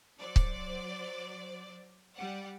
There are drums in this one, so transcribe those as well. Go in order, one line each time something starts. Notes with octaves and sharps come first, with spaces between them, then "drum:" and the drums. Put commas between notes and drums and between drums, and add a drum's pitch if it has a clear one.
F#3 C5 D5
drum: kick C#1
G3 D5 F#5